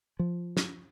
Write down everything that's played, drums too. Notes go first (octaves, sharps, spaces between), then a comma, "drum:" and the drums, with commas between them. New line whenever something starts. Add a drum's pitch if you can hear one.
F3
drum: snare